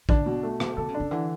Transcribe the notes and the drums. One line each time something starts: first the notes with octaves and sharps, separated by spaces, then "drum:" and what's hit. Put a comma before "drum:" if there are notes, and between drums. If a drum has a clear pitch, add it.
D3 D4, drum: kick A#1
B2
A3
B2, drum: rim click
D3 A4
C#3
D4
C#3
D3 E3